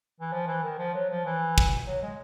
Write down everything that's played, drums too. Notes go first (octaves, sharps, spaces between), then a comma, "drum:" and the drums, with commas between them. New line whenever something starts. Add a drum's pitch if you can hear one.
E3
F3
E3
D#3
F3
F#3
F3
E3
drum: kick
F#3
G#3